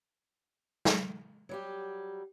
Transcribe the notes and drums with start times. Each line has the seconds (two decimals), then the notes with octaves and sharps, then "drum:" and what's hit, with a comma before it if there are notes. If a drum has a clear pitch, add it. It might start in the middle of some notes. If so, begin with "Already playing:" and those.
0.85 drum: snare
1.49 F#3 G3 G4